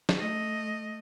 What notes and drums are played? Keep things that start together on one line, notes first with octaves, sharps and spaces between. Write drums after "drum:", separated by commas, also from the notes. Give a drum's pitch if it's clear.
drum: snare
A3 D#5